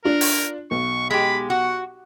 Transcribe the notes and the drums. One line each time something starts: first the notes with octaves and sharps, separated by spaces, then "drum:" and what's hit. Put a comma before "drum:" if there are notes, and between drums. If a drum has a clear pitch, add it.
D4 F4 A#4
drum: open hi-hat
B1 C#6
G#3 G4 B5
F#4 F#5